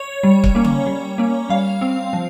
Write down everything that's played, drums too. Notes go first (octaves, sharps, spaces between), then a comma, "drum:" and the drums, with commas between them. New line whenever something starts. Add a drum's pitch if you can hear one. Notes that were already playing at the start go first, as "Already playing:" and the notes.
Already playing: C#5
G3
drum: kick C#1
A#3 C#4
drum: tom C#3
G3
A#3 C#4
G3 F5
C4
F3